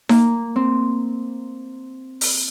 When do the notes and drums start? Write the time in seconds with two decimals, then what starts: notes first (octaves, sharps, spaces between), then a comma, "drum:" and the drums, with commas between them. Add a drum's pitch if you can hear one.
0.09 A#3, drum: snare D#4
0.56 C4
2.21 drum: open hi-hat